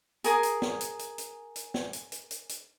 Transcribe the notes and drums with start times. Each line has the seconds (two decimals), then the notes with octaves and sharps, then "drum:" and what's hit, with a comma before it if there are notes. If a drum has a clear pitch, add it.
0.24 G#4 A#4 G#5 D#6, drum: hi-hat
0.43 drum: hi-hat
0.62 drum: snare
0.81 drum: hi-hat
0.99 drum: hi-hat
1.18 drum: hi-hat
1.56 drum: hi-hat
1.74 drum: snare
1.93 drum: hi-hat
2.12 drum: hi-hat
2.31 drum: hi-hat
2.49 drum: hi-hat